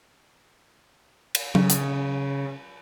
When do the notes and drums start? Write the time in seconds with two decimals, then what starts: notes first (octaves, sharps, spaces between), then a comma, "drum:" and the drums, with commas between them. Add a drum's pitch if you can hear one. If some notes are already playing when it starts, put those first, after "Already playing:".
1.35 drum: cymbal
1.55 C#3, drum: tom F#3
1.70 drum: hi-hat